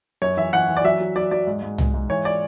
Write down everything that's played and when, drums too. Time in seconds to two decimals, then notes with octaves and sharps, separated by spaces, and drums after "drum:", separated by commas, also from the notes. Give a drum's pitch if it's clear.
0.22 F#2 C#5
0.37 E3 E5
0.53 E3 F#5
0.69 E3
0.77 D5
0.84 F#3 E5
1.00 F#3
1.16 F#3 D5
1.31 F#3 D5
1.47 G#2
1.63 G#2
1.78 G#2, drum: tom C2
1.94 G#2
2.10 E3 C#5
2.25 D5